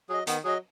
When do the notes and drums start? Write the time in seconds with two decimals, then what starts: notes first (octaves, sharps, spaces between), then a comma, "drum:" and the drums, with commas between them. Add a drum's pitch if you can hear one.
0.09 F#3 G#4 D#5
0.27 D#3 B3, drum: hi-hat
0.44 F#3 G#4 D#5